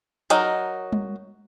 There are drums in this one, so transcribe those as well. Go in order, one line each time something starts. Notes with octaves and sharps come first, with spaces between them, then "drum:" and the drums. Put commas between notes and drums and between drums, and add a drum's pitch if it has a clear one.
F#3 D#4 A#4 D#5, drum: hi-hat
drum: tom G3